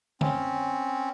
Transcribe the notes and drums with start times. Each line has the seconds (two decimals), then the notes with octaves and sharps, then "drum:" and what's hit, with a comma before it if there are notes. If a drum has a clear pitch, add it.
0.21 C4 C#4, drum: tom D3